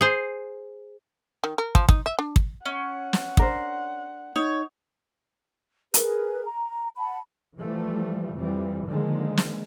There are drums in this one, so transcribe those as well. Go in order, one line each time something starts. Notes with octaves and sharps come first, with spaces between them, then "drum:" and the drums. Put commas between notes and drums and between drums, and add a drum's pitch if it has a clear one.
G#4 C5
D#3
A#4
F3, drum: kick
D#4, drum: kick
E5
D4
drum: kick
C#4 F#5
drum: snare
D4 A#4 C5, drum: kick
D#4 C#5
G#4 A#4 B4, drum: hi-hat
A#5
F#5 A5 B5
E3 F3 G3 A3
F2 E3 G3
D3 D#3 F3 G#3 A#3
drum: snare